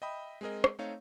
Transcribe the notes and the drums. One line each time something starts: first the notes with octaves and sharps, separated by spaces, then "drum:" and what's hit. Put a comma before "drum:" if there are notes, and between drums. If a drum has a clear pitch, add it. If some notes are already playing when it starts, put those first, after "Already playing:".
D#5 E5 G5 B5 D#6
G#3 C4 G#4 A#4 D#5
drum: rim click
A3 C4 D#4 C#5 F5